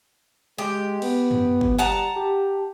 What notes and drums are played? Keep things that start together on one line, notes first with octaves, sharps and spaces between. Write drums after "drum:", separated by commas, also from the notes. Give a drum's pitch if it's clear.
G#3 G4
B3, drum: cymbal
drum: tom F#2
drum: kick
G3 F#5 A5 A#5
G4